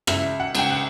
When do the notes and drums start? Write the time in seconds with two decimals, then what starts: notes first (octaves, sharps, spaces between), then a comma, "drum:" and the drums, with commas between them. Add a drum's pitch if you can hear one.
0.07 C#2 E5, drum: rim click
0.40 F#5
0.55 C#2 G5, drum: cymbal
0.71 F#5